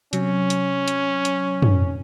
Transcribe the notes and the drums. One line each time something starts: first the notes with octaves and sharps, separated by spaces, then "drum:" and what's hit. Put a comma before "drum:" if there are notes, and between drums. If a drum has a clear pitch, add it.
C3 F#3 C#4, drum: hi-hat
drum: hi-hat
drum: hi-hat
drum: hi-hat
drum: tom